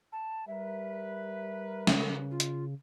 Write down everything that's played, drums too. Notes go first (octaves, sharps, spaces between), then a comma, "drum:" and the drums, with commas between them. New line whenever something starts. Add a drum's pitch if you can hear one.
A5
G3 A#4 B4 E5
C#3, drum: snare
F4
drum: hi-hat